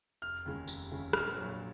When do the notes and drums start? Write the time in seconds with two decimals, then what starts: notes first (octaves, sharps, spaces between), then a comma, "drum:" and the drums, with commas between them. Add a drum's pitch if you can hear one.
0.22 F1 F6
0.45 D#2 C#3 G#3
0.68 F1, drum: tambourine
0.91 D#2 C#3 G#3
1.13 A#1 F6, drum: rim click
1.37 A#2 F#3